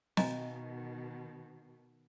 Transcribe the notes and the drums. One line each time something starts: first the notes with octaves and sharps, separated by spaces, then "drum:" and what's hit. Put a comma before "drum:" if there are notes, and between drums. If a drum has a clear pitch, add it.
B2 D#3 D#5 G#5 A#5, drum: snare